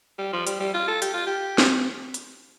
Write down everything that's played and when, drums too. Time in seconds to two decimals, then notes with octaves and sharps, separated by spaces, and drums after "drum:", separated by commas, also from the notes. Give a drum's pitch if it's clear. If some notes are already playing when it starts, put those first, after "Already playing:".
0.18 G3
0.33 F3
0.47 G3, drum: hi-hat
0.60 G3
0.74 F4
0.88 A4
1.02 G4, drum: hi-hat
1.14 F4
1.27 G4
1.58 drum: snare
2.14 drum: hi-hat